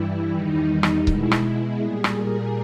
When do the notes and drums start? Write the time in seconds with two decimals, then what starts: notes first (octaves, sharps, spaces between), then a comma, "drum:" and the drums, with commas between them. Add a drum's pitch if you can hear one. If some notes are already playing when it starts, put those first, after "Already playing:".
Already playing: G2 E3 G3 E4
0.35 E2 D#3 G3 D#4
0.83 drum: rim click
1.07 B2 G#3 E4, drum: kick C#1
1.31 drum: rim click
1.80 A#2 G3 G#4
2.04 drum: rim click
2.16 A#4